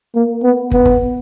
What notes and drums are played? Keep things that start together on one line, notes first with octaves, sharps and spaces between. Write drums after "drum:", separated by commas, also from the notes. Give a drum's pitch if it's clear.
A#3
B3
B3, drum: kick
drum: kick